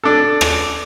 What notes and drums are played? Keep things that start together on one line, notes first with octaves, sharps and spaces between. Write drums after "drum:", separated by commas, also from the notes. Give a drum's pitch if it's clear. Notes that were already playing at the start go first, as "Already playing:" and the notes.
D4 A4
drum: rim click